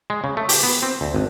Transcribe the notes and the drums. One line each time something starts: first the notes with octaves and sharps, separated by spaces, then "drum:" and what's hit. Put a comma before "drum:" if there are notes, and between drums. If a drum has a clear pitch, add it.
G#3
C#3
A3
G4, drum: open hi-hat
B3
C4
D2
G#1